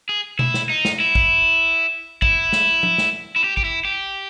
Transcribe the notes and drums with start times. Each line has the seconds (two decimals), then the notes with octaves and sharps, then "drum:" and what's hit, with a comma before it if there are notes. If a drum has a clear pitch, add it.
0.09 G#4
0.39 E4, drum: tom B2
0.54 drum: snare
0.70 D#4
0.85 drum: snare
1.00 E4
1.15 drum: kick
2.22 E4, drum: kick
2.53 drum: snare
2.83 drum: tom F3
2.98 drum: snare
3.36 E4
3.44 G4
3.57 G4, drum: kick
3.64 E4
3.85 G4